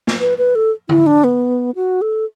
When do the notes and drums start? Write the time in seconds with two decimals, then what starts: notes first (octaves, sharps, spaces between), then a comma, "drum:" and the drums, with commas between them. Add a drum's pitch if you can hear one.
0.07 drum: snare
0.20 B4
0.38 B4
0.55 A4
0.89 E4, drum: tom D3
1.07 D4
1.24 B3
1.75 F#4
2.02 A4